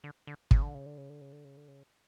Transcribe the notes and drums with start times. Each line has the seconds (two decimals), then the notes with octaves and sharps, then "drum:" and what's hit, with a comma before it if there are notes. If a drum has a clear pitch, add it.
0.04 D3
0.27 D3
0.51 C#3, drum: kick
0.62 D3
0.75 C#3
0.86 D3
0.98 C#3
1.10 D3
1.21 C#3
1.33 D3
1.45 C#3
1.57 D3
1.68 C#3